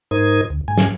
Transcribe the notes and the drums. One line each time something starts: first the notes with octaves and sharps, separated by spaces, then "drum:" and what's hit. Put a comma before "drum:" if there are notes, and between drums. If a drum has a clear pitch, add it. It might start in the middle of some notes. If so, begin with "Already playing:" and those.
G#2 D#4 A#4 C5 D#6 G#6
D2
G#2 G#5
drum: snare